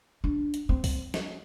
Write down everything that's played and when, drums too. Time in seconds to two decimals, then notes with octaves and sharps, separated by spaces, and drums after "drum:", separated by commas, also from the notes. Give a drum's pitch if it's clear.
0.24 D4
0.54 drum: hi-hat
0.69 C4
0.84 drum: kick, open hi-hat
1.14 drum: snare